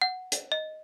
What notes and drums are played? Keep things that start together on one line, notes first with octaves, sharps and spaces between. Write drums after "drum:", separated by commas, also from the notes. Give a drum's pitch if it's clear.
F#5
drum: hi-hat
D#5